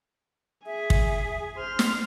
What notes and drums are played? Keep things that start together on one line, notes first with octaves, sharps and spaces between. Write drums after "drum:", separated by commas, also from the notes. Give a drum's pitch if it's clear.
G#4 E5 G#5
drum: kick
C5 C6 F6
drum: snare